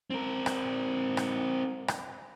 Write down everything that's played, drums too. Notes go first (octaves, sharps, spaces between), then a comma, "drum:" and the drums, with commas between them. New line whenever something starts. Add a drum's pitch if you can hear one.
C4 A#4
drum: rim click
drum: rim click
drum: rim click